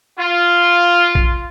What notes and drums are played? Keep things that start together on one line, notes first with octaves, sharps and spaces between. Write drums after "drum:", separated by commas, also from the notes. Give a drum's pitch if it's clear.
F4
drum: kick A#1